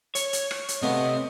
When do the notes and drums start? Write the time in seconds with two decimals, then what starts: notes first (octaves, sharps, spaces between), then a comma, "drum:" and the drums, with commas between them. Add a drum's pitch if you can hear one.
0.15 C#5, drum: hi-hat
0.33 drum: hi-hat
0.51 drum: rim click
0.68 drum: hi-hat
0.82 C3 A3 B3 C4 D#5 F5